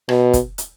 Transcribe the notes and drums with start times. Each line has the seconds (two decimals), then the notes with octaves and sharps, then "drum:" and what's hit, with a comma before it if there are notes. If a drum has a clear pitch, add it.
0.09 B2, drum: rim click
0.33 drum: kick, hi-hat
0.58 drum: hi-hat